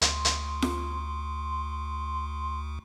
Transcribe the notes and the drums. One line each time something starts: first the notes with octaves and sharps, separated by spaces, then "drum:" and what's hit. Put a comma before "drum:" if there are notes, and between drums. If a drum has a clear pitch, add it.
D2 C6, drum: hi-hat
drum: hi-hat
drum: snare F4